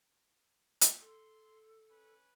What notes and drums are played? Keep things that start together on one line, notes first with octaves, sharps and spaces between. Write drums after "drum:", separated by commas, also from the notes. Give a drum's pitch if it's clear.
drum: hi-hat
A4 C6
C#4 B4